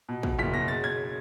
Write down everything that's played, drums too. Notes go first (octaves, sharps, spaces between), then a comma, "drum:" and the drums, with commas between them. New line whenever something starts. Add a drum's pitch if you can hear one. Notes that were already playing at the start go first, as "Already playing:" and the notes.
B2
B2, drum: kick
F#1 B6
B2 A#6
C#3 A6
C#3 G#6